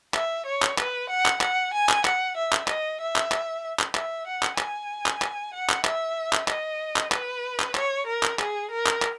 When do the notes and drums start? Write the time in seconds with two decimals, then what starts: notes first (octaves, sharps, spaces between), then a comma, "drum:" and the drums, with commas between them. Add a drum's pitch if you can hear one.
0.14 E5, drum: clap
0.46 C#5
0.62 drum: clap
0.78 B4, drum: clap
1.10 F#5
1.26 drum: clap
1.41 F#5, drum: clap
1.73 G#5
1.89 drum: clap
2.05 F#5, drum: clap
2.37 E5
2.53 drum: clap
2.68 D#5, drum: clap
3.01 E5
3.16 drum: clap
3.32 drum: clap
3.79 drum: clap
3.95 E5, drum: clap
4.27 F#5
4.43 drum: clap
4.58 G#5, drum: clap
5.06 drum: clap
5.22 drum: clap
5.54 F#5
5.70 drum: clap
5.85 E5, drum: clap
6.33 drum: clap
6.48 D#5, drum: clap
6.96 drum: clap
7.12 B4, drum: clap
7.60 drum: clap
7.75 C#5, drum: clap
8.07 A#4
8.23 drum: clap
8.39 G#4, drum: clap
8.71 A#4
8.87 drum: clap
9.02 drum: clap